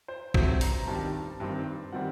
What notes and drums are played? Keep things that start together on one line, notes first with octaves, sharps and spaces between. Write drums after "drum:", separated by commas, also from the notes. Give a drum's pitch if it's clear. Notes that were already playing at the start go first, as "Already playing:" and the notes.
C5
G2 F#3 A3 C4 C5, drum: kick
A#5, drum: open hi-hat
G2 D#3 G3 C4 A5
G2 D#3 G3 C4
D#3 G3 C4 F#5